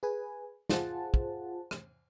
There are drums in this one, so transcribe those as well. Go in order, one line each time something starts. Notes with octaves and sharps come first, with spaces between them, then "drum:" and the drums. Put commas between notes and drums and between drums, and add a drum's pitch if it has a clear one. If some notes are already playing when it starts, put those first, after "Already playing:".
G#4 B4 G#5
F4 G#4 C5 F#5 A5, drum: snare
drum: kick
drum: rim click